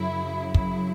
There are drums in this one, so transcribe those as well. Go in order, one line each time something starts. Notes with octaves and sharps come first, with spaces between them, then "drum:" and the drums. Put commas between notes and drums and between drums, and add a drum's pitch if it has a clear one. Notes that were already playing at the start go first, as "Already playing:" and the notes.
Already playing: F#2 C#3 F#3 E4
E4, drum: kick